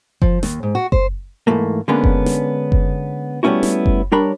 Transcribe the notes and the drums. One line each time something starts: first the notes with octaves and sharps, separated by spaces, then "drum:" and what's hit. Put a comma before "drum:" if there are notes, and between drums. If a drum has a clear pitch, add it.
F3, drum: kick F#1
D#2, drum: snare
G#2
F#4
C5, drum: kick F#1
G#2 B2 E3 A3 A#3
D3 G#3 A#3 B3 C#4 D4
drum: kick F#1
drum: snare
drum: kick F#1
G3 A3 B3 C#4 E4 F#4
drum: snare
drum: kick F#1
G3 D4 A#4 C#5 B5